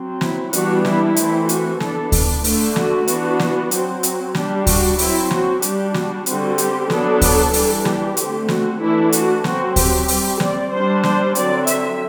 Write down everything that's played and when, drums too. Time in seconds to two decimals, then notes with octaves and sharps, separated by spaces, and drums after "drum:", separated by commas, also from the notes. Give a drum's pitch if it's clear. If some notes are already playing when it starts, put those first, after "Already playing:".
Already playing: F#3 C4
0.21 E4, drum: snare
0.53 E3 G3 B3 D4 F#4, drum: hi-hat
0.85 E4, drum: snare
1.16 E3 A3 C4, drum: hi-hat
1.49 F#4, drum: hi-hat
1.80 E3 B3 D4 A4, drum: snare
2.12 drum: kick D2, open hi-hat
2.44 D3 A3 D4, drum: open hi-hat
2.76 F#4, drum: snare
3.08 E3 B3 D4, drum: hi-hat
3.39 drum: snare
3.71 F#3 C4 F#4, drum: hi-hat
4.03 drum: hi-hat
4.35 G3 D4 G4, drum: snare
4.67 F#4, drum: kick D2, open hi-hat
4.98 F#3 C4 E4, drum: open hi-hat
5.31 F#4, drum: snare
5.62 G3 D4 G4, drum: hi-hat
5.94 F#4, drum: snare
6.26 D3 G3 C4 F#4, drum: hi-hat
6.58 G4, drum: hi-hat
6.90 F#3 B3 D4 A4, drum: snare
7.21 drum: kick D2, open hi-hat
7.53 E3 G3 D4, drum: open hi-hat
7.85 G4, drum: snare
8.17 D3 A3 C4, drum: hi-hat
8.48 F#4, drum: snare
8.80 E3 A3 D4 E4
9.12 F#4, drum: hi-hat
9.44 F#3 C4 F#4, drum: snare
9.76 G4, drum: kick D2, open hi-hat
10.08 G3 C4, drum: open hi-hat
10.40 D5, drum: snare
10.71 G3 D4 C5
11.03 C5, drum: snare
11.35 D3 F#3 C4 D5, drum: hi-hat
11.67 E5, drum: hi-hat